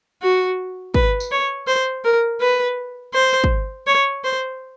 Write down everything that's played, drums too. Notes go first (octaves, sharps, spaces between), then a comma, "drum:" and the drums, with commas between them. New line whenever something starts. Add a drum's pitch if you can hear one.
F#4
B4, drum: kick
drum: tambourine
C#5
C5
A#4
B4
C5
drum: kick
C#5
C5